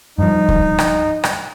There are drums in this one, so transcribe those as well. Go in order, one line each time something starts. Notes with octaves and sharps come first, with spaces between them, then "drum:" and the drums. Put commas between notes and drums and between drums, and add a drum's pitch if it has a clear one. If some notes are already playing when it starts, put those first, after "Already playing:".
G2 F3 D#4
drum: kick C#2
drum: rim click
drum: rim click